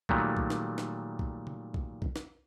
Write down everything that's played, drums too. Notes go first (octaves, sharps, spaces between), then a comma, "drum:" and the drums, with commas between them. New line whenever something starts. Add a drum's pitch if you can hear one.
A#2 D#3 F#3 G3 A3, drum: kick B1
drum: kick B1
drum: snare
drum: snare
drum: kick B1
drum: tom C#3
drum: kick B1
drum: kick B1
drum: snare